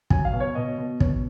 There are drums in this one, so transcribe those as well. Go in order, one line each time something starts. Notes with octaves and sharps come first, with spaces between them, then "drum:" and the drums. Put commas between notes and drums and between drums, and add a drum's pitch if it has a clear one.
F#3 G#5, drum: kick
F5
B2
C#5
B2 D#5
B2
B2 C#5, drum: kick